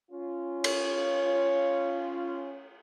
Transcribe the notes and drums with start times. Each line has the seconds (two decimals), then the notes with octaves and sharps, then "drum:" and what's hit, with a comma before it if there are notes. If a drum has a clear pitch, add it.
0.12 C#4 F4
0.64 C#5, drum: cymbal